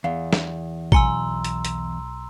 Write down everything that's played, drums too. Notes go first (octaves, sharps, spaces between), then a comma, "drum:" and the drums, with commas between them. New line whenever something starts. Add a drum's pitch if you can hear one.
E2 F5
drum: snare
B1 G#5 A#5 C6 E6 C#7 G7, drum: kick A1
drum: hi-hat
drum: hi-hat